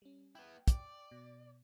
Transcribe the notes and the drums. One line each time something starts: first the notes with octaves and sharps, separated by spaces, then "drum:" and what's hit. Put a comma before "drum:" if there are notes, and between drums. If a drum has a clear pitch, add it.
G3 C#4
B3 E4 G5
D5, drum: kick, hi-hat
B2